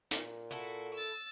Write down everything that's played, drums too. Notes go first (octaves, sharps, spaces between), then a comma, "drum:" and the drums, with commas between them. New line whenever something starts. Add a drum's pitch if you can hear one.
A#2, drum: hi-hat
E4 F#4 A4
E6 A6